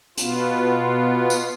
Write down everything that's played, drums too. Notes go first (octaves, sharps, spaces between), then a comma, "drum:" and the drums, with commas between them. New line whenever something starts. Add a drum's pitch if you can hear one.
B2 B3 F4, drum: hi-hat
drum: tambourine